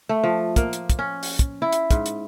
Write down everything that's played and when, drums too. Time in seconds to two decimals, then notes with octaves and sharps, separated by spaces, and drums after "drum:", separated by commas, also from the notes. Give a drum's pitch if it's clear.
0.09 A3
0.24 F3
0.56 A#3, drum: kick, hi-hat
0.73 drum: hi-hat
0.90 drum: kick, hi-hat
0.99 C#4
1.23 drum: open hi-hat
1.39 drum: kick, hi-hat
1.62 E4
1.73 drum: hi-hat
1.91 G#2, drum: kick, hi-hat
2.06 drum: hi-hat